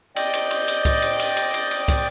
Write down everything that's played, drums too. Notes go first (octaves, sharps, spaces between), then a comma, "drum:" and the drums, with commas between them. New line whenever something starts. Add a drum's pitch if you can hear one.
D5 D#5 G5, drum: cymbal
drum: cymbal
drum: cymbal
drum: cymbal
drum: kick, cymbal
drum: cymbal
drum: cymbal
drum: cymbal
drum: cymbal
drum: cymbal
drum: kick, cymbal